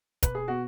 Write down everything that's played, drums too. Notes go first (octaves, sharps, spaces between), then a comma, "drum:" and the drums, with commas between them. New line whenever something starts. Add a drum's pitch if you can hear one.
B2 B4, drum: kick, hi-hat
G#4
B3 F#4